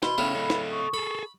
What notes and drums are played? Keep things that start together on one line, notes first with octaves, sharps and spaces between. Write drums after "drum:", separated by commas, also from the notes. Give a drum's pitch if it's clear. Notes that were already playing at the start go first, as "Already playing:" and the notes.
B2 B5 C6, drum: snare
A2 C#3 B3 C#4 D4
A4 D#5
drum: snare
C#6 D#6
G#4 A4 B5